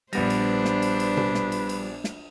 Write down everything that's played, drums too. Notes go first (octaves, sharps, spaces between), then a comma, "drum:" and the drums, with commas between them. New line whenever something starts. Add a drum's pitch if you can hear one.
A#1 G3 B3 D4 B4 C5 A#6, drum: cymbal
drum: cymbal
drum: snare
drum: cymbal
drum: cymbal
drum: tom B2
drum: snare
drum: cymbal
drum: cymbal
drum: snare